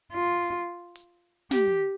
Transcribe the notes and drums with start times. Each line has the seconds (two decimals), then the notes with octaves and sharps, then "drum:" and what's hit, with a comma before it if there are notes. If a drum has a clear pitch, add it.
0.13 F4
0.96 drum: hi-hat
1.51 G4, drum: snare